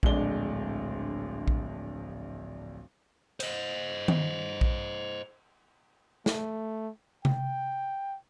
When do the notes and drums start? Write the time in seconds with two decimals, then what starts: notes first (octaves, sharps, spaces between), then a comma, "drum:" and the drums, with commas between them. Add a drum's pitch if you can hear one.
0.03 D1 A#1 G#3 D4 G7, drum: kick A#1
1.48 drum: kick A#1
3.40 C5 D#5, drum: cymbal
4.08 drum: tom D#3
4.61 drum: kick A#1
6.26 A3, drum: snare
7.25 G5, drum: tom C3